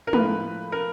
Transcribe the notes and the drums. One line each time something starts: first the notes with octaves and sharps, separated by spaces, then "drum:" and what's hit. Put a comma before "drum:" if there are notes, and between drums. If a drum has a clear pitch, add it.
A#4
A2 F3 A3 B4, drum: tom G#3
A#4